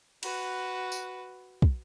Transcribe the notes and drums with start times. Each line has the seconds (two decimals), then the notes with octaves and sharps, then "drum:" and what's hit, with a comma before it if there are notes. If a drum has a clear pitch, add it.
0.23 F#4 B4, drum: cymbal
0.92 drum: tambourine
1.62 drum: kick